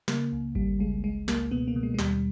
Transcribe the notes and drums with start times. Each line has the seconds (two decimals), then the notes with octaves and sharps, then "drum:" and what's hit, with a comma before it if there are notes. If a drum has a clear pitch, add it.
0.08 C#3 A#3, drum: snare
0.32 C#2
0.55 C#2 G3, drum: kick G#1
0.79 C#2 G#3
1.04 C#2 G#3
1.28 C#2 A#3, drum: snare
1.51 B2 B3
1.68 A#3
1.76 B2
1.83 G#3
1.94 G#3
1.99 D#2 G3, drum: snare